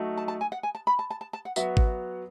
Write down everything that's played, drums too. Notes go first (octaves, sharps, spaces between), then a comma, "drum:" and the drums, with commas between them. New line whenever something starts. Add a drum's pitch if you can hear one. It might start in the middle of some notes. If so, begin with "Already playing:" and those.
Already playing: F#3 A3 D#4 F#4
A5
A5
G#5
F#5
G#5
A5
B5
A5
A5
A5
A5
F#5
F#3 B3 F#4 E5, drum: tambourine
drum: kick G#1